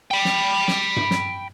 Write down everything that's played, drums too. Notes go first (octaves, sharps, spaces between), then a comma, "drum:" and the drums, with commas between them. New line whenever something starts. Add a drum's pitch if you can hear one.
G5 B5
drum: snare
drum: snare
drum: tom G2
drum: snare